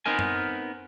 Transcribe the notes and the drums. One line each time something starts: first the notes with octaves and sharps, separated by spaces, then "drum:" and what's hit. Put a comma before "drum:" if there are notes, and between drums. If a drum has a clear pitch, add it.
B3 C4 D#4 A#4 G#5
drum: tom F#2